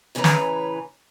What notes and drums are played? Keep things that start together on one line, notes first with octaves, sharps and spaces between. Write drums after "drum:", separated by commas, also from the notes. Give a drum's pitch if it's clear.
A2 C#3 E3 C#4 B4 A#5
drum: snare